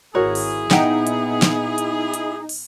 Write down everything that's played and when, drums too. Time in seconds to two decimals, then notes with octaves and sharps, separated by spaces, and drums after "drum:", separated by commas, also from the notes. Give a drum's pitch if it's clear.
0.15 G#1 E4 F#4 G#4 A#4 C#5
0.35 drum: open hi-hat
0.71 A#2 B3 D#4 E5 F#5 G5, drum: snare
1.07 drum: hi-hat
1.42 drum: snare
1.78 drum: hi-hat
2.14 drum: hi-hat
2.49 drum: open hi-hat